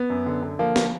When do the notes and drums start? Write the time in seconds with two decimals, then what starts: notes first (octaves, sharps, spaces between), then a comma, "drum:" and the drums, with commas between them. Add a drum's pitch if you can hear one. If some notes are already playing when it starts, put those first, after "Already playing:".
Already playing: B3
0.10 F#2
0.26 D3
0.42 D3
0.59 F3 A#3
0.76 F3, drum: snare